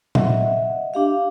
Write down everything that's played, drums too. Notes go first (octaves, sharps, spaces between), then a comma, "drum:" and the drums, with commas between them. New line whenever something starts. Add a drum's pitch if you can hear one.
D#5 E5 F#5, drum: tom A#2
D4 G4 F5